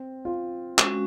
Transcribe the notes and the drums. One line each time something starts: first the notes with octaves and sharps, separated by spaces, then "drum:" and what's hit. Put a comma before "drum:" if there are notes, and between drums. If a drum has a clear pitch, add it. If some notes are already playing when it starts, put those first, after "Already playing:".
Already playing: C4
F4
G#3 C#4 F#4, drum: clap